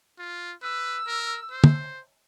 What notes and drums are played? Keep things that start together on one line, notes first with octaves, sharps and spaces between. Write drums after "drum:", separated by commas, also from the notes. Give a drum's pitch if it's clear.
F4
B4 E6
A#4
C5
drum: tom